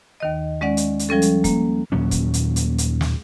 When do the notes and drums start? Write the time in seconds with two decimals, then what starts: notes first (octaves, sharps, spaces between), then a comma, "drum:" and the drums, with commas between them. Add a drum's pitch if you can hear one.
0.20 D#2 D#3 D#5
0.61 G#3 C#4 D5 F#5
0.77 drum: hi-hat
0.99 drum: hi-hat
1.09 F3 G3 C#4 A4
1.22 drum: hi-hat
1.44 A#3, drum: kick, hi-hat
1.92 D#2 A#2 F#3 C#4
2.11 drum: kick, hi-hat
2.34 drum: hi-hat
2.56 drum: hi-hat
2.78 drum: hi-hat
3.01 drum: snare